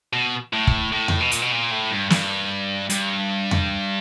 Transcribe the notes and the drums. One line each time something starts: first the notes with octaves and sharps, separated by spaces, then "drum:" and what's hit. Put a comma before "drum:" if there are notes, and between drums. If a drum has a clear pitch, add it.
B2
A2
drum: kick
A2
drum: tom E2
B2
A#2, drum: hi-hat
B2
A#2
A2
G2
G2, drum: snare
G2, drum: hi-hat
drum: tom E2